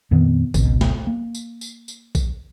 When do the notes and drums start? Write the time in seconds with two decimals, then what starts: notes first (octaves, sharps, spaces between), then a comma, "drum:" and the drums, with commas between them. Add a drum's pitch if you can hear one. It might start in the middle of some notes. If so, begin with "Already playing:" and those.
0.11 F2 A#2 D#3 B3
0.54 G#1 C#2 B2, drum: kick A#1, tambourine
0.81 drum: snare
1.07 A#3
1.35 drum: tambourine
1.61 drum: tambourine
1.88 drum: tambourine
2.15 drum: kick A#1, tambourine